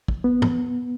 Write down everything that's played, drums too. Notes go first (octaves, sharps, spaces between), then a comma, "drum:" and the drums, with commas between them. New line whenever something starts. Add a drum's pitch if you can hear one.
drum: kick
B3
drum: tom